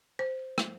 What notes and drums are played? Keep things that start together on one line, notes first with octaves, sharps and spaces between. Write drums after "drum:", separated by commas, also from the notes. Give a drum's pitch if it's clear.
C5
drum: rim click